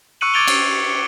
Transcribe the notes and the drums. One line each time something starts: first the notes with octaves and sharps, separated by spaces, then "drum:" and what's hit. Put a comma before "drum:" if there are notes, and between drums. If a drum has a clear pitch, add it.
C#6 E6 F#6 C#7 D#7 F#7
D6 G#6 A6 D7 F7 G7
drum: cymbal